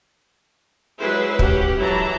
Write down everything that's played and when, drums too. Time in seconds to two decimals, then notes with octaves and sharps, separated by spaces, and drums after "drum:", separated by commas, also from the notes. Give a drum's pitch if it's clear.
0.99 F#3 G#3 E4 G#4 B4 C5
1.39 C#4 G4 F#5, drum: kick
1.80 E3 F#3 G#3 E4 A5 A#5